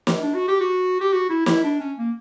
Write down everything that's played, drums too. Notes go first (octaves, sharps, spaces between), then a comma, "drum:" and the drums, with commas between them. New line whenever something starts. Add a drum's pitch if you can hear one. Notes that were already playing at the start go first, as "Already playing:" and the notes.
drum: snare
D4
F#4
G4
F#4
G4
F#4
E4
E4, drum: snare
D4
C#4
A#3